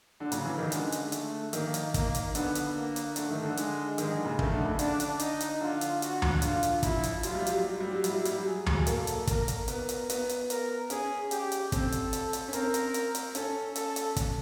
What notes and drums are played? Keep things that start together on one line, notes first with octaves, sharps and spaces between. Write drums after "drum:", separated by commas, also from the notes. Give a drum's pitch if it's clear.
D3
C#3 F#3, drum: hi-hat
E3
D#3
D3 G#3, drum: hi-hat
drum: hi-hat
A3, drum: hi-hat
D#3 A#3, drum: hi-hat
drum: hi-hat
A#3, drum: kick, hi-hat
drum: hi-hat
D3 B3, drum: hi-hat
drum: hi-hat
A#3
drum: hi-hat
D3 A3, drum: hi-hat
D#3
D3
G#3, drum: hi-hat
D#3 G#3, drum: hi-hat
D3
C#3
D#3 A3, drum: kick
D3
C#3
D3 D4, drum: hi-hat
drum: hi-hat
D#4, drum: hi-hat
drum: hi-hat
D3 F4
drum: hi-hat
F#4, drum: hi-hat
drum: tom D2
D3 F4, drum: hi-hat
drum: hi-hat
F3 E4, drum: kick, hi-hat
drum: hi-hat
F#3 F4, drum: hi-hat
G3
F#3, drum: hi-hat
G3
F#3
G3
F#3
G3 E4, drum: hi-hat
F#3
G3, drum: hi-hat
F#3
G#4
drum: tom D2
A#3 A4, drum: hi-hat
drum: hi-hat
A#4, drum: kick, hi-hat
drum: hi-hat
B3 A#4, drum: hi-hat
drum: hi-hat
B3, drum: hi-hat
drum: hi-hat
A#4, drum: hi-hat
C#4 G#4, drum: hi-hat
G4, drum: hi-hat
drum: hi-hat
C4 A4, drum: kick, hi-hat
drum: hi-hat
drum: hi-hat
drum: hi-hat
C#4
C4 A#4, drum: hi-hat
drum: hi-hat
drum: hi-hat
drum: hi-hat
C#4 A4, drum: hi-hat
A4, drum: hi-hat
drum: hi-hat
drum: kick, hi-hat